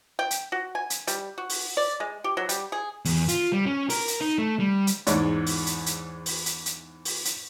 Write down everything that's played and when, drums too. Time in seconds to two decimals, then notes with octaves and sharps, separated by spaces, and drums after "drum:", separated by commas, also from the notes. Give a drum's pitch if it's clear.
0.19 G5
0.31 drum: hi-hat
0.52 F#4
0.75 G#5
0.90 drum: hi-hat
1.07 G3, drum: hi-hat
1.38 F#4
1.50 drum: open hi-hat
1.77 D5
2.00 G#3
2.24 G4
2.37 F#3
2.49 G3, drum: hi-hat
2.72 G#4
3.05 E2, drum: open hi-hat
3.28 F4, drum: hi-hat
3.52 G3
3.66 C#4
3.90 A#4, drum: open hi-hat
4.08 drum: hi-hat
4.21 D#4
4.38 A3
4.59 G3
4.87 drum: hi-hat
5.07 E2 G#2 G#3 C#5 D5, drum: hi-hat
5.47 drum: open hi-hat
5.66 drum: hi-hat
5.86 drum: hi-hat
6.26 drum: open hi-hat
6.46 drum: hi-hat
6.66 drum: hi-hat
7.05 drum: open hi-hat
7.25 drum: hi-hat